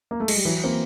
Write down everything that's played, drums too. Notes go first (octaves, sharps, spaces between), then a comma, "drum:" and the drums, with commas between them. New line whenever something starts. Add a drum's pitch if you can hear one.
A#3
A3
G#3, drum: cymbal
G3
E3 F#3
A#3 C4